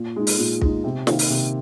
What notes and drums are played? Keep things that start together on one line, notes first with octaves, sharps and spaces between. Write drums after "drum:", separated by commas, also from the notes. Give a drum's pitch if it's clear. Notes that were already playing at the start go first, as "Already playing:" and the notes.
Already playing: A#2
G#3 D#4
drum: open hi-hat
A#2
G#3 D#4, drum: kick
C3
D#3 A#3, drum: snare
drum: open hi-hat
C3